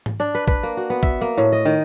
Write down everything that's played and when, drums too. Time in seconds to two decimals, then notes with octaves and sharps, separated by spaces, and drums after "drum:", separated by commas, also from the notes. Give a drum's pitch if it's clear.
0.06 drum: tom G#2
0.20 D4
0.35 B4
0.47 B4, drum: kick
0.63 A#3
0.77 F#4
0.90 B3
1.03 E5, drum: kick
1.21 A#3
1.37 A2
1.52 D#5
1.65 D#3